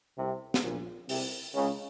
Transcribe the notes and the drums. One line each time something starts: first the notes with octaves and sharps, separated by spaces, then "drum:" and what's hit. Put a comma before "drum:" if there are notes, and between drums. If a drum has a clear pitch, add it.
C2 C3
drum: snare
A#1 A#2
C2 C3, drum: open hi-hat
C#2 C#3